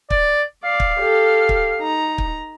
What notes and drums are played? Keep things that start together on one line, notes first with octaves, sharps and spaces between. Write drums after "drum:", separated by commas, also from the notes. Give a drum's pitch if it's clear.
D5, drum: kick
D5 F5
drum: kick
G4 A4
drum: kick
D#4 A#5
drum: kick